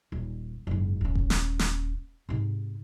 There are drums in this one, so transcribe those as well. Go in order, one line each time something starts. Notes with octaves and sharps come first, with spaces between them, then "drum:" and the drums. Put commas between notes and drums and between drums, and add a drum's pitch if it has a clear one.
D#1
F#1 G#2
D#1 C#4
drum: kick G#1
drum: snare
drum: snare
G#2 C3